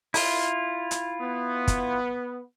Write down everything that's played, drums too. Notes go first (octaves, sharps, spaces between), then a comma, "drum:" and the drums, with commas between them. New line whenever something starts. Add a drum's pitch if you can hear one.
E4 F4, drum: open hi-hat
drum: hi-hat
B3
drum: kick, hi-hat